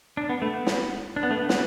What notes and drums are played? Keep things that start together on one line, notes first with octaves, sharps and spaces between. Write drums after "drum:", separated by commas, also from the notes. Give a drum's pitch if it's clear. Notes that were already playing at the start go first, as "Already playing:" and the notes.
D4
B3
A3
B3
drum: snare
D4
B3
A3
B3
drum: snare